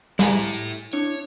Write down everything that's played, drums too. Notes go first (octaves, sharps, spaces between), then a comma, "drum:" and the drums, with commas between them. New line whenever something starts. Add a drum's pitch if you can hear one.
E4 G4 A4 G#5 A#5, drum: snare
D4 E4 C#5